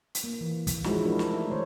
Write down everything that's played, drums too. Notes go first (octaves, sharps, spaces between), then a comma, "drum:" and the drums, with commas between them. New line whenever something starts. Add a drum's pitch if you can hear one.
drum: hi-hat
A#3
E3
drum: kick, hi-hat
F3 G#3 D#4 E4 F#4, drum: snare
D4 E4 A#4
drum: snare
A3 D#4
D#3 C5 C#5